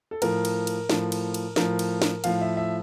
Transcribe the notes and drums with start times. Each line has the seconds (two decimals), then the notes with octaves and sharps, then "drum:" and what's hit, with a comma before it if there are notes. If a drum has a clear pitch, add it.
0.11 A4
0.22 A2 F3 A#4, drum: cymbal
0.45 drum: cymbal
0.67 drum: cymbal
0.90 A2 F3, drum: snare
1.12 drum: cymbal
1.34 drum: cymbal
1.56 A2 F3 A#4, drum: snare
1.79 drum: cymbal
2.02 drum: snare
2.24 A2 F3 F5, drum: cymbal
2.41 E5
2.57 E5